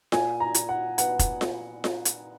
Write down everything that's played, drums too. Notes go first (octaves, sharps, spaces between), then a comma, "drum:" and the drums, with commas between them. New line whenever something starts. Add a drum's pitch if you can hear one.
A#2 G#5, drum: snare F4
A#5
A#2, drum: hi-hat
F#5
B3 F#5, drum: hi-hat
drum: kick F1, hi-hat
drum: snare F4
drum: snare F4
drum: hi-hat